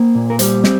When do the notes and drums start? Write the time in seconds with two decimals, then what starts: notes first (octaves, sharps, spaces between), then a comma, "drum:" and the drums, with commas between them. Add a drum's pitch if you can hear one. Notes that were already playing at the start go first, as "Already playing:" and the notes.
Already playing: A#3 C5
0.15 A#2
0.30 A#4
0.39 G3 C5, drum: hi-hat
0.64 C4, drum: snare